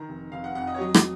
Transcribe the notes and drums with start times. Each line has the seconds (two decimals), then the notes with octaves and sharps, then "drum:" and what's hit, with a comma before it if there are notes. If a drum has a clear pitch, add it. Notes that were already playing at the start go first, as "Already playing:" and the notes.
Already playing: D#3 A#5
0.08 F1
0.32 F1 F5
0.44 F#5
0.55 F2 F#5
0.67 D#5
0.74 C#5
0.79 F#3 D#5
0.94 drum: rim click